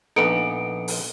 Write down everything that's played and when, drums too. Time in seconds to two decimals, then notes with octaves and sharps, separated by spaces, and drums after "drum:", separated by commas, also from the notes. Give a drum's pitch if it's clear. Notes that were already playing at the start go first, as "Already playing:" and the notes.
0.16 A#1 B3 D#4 A4 C#7 D7
0.88 drum: open hi-hat